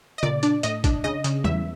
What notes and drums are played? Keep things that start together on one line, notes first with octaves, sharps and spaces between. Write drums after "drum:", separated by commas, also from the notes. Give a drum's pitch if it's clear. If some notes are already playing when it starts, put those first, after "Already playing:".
D#5
A#2 D5, drum: tom C#3
D4 D5, drum: hi-hat
A2 D#5, drum: hi-hat
D4, drum: kick, hi-hat
C#3 D#5
C#3, drum: hi-hat
E2 E5, drum: tom